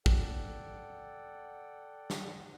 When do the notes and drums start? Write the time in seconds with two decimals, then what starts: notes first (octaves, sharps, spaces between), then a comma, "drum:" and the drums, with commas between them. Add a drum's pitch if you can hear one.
0.06 A4 D5 F#5 G5, drum: kick
2.10 drum: snare